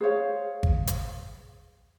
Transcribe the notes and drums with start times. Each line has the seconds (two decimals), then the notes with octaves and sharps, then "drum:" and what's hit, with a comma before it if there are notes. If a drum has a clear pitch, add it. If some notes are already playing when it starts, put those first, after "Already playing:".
0.01 G#4 C5 C#5 F5
0.63 drum: kick G#1
0.87 drum: hi-hat